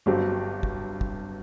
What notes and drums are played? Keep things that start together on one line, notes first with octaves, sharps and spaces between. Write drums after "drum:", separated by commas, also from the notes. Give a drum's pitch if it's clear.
G1 G2 F#3 C4 G4
drum: kick
drum: kick